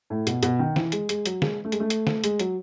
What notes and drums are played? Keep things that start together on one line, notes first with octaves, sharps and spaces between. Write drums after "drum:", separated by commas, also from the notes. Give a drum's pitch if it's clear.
A2
B2, drum: hi-hat
B2, drum: hi-hat
D#3
E3, drum: snare
G#3, drum: hi-hat
G#3, drum: hi-hat
F#3, drum: hi-hat
G#3, drum: snare
A3
G#3, drum: hi-hat
A3
drum: hi-hat
drum: snare
G#3, drum: hi-hat
F#3, drum: hi-hat